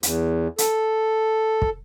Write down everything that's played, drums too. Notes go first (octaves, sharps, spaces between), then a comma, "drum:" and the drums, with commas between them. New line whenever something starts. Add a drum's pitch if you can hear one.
E2, drum: hi-hat
A4, drum: hi-hat
drum: kick